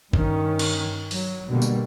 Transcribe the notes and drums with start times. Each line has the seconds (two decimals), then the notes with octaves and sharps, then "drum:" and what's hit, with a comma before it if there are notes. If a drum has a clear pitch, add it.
0.13 G2 D#3 C#4, drum: kick
0.59 drum: cymbal
1.11 F#3, drum: open hi-hat
1.49 B2 D3 G3 A#3
1.62 drum: tambourine